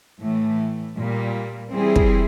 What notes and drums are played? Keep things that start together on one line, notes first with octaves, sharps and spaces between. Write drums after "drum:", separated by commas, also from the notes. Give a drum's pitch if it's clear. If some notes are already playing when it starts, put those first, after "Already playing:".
A2 E3 A3
A#2 G3 A#3
E3 G3 C4 E4 G#4
drum: kick